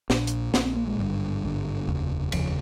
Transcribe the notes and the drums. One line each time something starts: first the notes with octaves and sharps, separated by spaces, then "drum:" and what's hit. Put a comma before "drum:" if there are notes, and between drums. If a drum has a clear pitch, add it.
A#1 A#2 D4, drum: snare
drum: hi-hat
A#1 A#2 C#4, drum: snare
C4
A#3
G#3
G#1 G2 D3 G3
G#1 G2 D3
F1 D#2 C#3
F1 D#2 C#3 F3, drum: cymbal